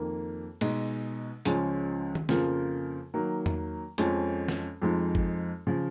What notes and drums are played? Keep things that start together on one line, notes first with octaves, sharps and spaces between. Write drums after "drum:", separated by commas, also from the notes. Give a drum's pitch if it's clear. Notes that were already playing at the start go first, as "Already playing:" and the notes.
Already playing: F2 D#3 A#3
B2 G#3 D#4, drum: cymbal
C#2 C#3 F3 G#3 C#4, drum: hi-hat
drum: tom D#3
F2 C#3 F3 A#3 F4, drum: snare
D#3 F#3 A#3
drum: tom E2
F2 F3 G#3 C#4, drum: hi-hat
drum: snare
F2 F3 G#3 D#4
drum: kick G1
C#3 F3